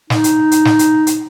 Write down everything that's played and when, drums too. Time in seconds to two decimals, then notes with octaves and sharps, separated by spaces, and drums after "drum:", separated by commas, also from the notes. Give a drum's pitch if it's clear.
0.10 D#4, drum: snare
0.24 drum: hi-hat
0.51 drum: hi-hat
0.65 drum: snare
0.79 drum: hi-hat
1.07 drum: hi-hat